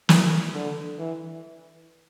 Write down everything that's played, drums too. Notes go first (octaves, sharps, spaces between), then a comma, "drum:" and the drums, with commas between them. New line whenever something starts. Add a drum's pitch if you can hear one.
E3, drum: snare
D3
E3